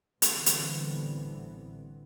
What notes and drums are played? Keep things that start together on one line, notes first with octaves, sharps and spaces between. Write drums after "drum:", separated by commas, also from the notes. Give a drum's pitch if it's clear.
A1 D3 E3 G3 B3 C4, drum: hi-hat
drum: hi-hat